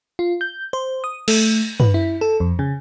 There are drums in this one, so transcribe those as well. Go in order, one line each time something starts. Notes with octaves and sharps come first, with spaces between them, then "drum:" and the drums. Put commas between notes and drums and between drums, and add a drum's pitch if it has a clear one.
F4
G6
C5
D#6
A3, drum: cymbal
B4, drum: tom
E4
A4
F2
C#3